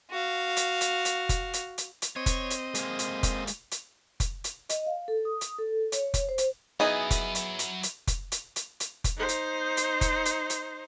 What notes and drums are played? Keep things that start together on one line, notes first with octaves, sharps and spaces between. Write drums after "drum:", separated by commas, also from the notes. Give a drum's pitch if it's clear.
F#4 F5
drum: hi-hat
drum: hi-hat
drum: hi-hat
drum: kick F1, hi-hat
drum: hi-hat
drum: hi-hat
drum: hi-hat
C4 C#5 D#5
drum: kick F1, hi-hat
drum: hi-hat
G#3 A#3, drum: hi-hat
drum: hi-hat
drum: kick F1, hi-hat
drum: hi-hat
drum: hi-hat
drum: kick F1, hi-hat
drum: hi-hat
D#5, drum: hi-hat
F5
A4
D#6
drum: hi-hat
A4
C#5, drum: hi-hat
drum: kick F1, hi-hat
C5
drum: hi-hat
F#3 B3 D#4 E4 G#4 D#5 G#5
drum: kick F1, hi-hat
drum: hi-hat
drum: hi-hat
drum: hi-hat
drum: kick F1, hi-hat
drum: hi-hat
drum: hi-hat
drum: hi-hat
drum: kick F1, hi-hat
D#4 C5
drum: hi-hat
drum: hi-hat
drum: kick F1, hi-hat
drum: hi-hat
drum: hi-hat